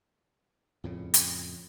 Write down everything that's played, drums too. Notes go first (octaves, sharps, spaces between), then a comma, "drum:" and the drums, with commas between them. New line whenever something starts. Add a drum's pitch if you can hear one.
F2 A2 C#3
drum: hi-hat